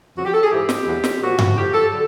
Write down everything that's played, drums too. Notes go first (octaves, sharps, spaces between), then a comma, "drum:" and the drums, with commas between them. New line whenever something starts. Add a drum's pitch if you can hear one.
F2 C#3 F#3 F#4
G4
A4
G#4
G#2 E3 G4
drum: snare
E2 B2 F#3
drum: snare
A#2 F3 F#4
drum: tom G2
A2 F3 G4
A4
D3 F#3 A4